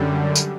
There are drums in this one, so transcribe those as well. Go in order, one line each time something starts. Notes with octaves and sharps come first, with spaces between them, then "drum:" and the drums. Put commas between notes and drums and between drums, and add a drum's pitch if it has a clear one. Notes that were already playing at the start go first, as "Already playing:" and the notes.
Already playing: F#2 D3 G3
drum: tambourine